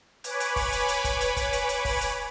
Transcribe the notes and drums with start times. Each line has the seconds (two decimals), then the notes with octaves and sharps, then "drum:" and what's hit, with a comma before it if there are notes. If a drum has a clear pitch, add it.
0.24 B4 C#5 G#5 B5 D6, drum: hi-hat
0.40 drum: hi-hat
0.56 drum: kick, open hi-hat
0.72 drum: hi-hat
0.88 drum: hi-hat
1.04 drum: kick, hi-hat
1.20 drum: hi-hat
1.37 drum: kick, hi-hat
1.53 drum: hi-hat
1.69 drum: hi-hat
1.85 drum: kick, open hi-hat
2.01 drum: hi-hat